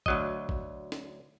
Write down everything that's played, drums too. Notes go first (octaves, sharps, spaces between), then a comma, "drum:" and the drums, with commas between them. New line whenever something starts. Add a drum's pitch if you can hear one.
D2 F#3 D#5, drum: kick A1
drum: kick A1
drum: snare